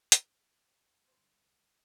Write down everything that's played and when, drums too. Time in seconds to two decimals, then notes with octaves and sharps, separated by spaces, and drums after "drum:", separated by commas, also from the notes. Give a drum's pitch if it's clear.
0.12 drum: hi-hat
0.62 C4
1.07 G1 B4 C5
1.39 C2